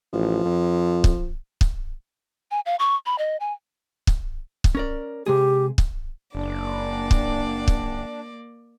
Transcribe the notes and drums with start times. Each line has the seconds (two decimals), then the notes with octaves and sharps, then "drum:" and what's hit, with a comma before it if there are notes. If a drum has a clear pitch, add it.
0.13 A1 F3
0.45 F2
1.04 drum: kick
1.61 drum: kick
2.51 G#5
2.66 F5
2.79 C#6
3.06 B5
3.18 D#5
3.40 G#5
4.07 drum: kick
4.64 drum: kick
4.75 C#4 A#4 D5
5.26 C3 G#3 G4 G#4
5.78 drum: kick
6.35 F#1 A#3 D4 D5
7.11 drum: kick
7.68 drum: kick